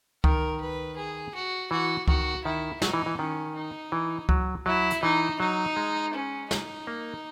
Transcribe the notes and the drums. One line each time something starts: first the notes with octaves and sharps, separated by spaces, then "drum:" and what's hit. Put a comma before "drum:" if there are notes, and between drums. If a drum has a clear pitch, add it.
D#3 A#4, drum: kick C#2
B4
G#4
F#4
E3 F#4
D#3 F#4, drum: kick C#2
D#3 E4
F#3 D#4, drum: snare
E3
E3
D#3 C#4
D#4
E3
F#3, drum: kick C#2
F#3 E4
drum: hi-hat
E3 D#4
F#3 D#4
G#3
C#4
D#4, drum: snare
A#3